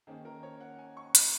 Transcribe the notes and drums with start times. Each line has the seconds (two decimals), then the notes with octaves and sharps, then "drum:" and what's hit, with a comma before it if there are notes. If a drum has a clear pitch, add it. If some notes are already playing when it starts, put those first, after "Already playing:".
0.07 D#3 A#3 C#4 G#4
0.25 A#4
0.43 C#5
0.61 F#5
0.78 G#5
0.97 C#6
1.15 A#5, drum: hi-hat